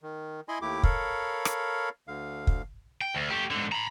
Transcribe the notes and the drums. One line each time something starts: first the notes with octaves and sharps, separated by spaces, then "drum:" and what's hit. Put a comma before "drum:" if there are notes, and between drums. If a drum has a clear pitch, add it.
D#3
E4 D#5 G#5 B5 C6
D#2 A3 E4 G4 D6
A4 A#4 C#5 F5 B5, drum: kick
drum: rim click
D2 D3 F5
drum: kick
G5
D2
A3 G4
G#2 D3
A#5 B5